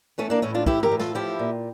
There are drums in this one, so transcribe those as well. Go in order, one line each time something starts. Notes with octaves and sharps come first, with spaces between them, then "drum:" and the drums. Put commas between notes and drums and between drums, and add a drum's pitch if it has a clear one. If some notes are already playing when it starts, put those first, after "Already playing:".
E3 A3 C#4
A#3 D4
A2 C#4 E4
D4 F4
E3 E4 G4, drum: kick
G4 A#4, drum: tom G2
A2
F4 A4, drum: snare
F3 E4 G4
A#2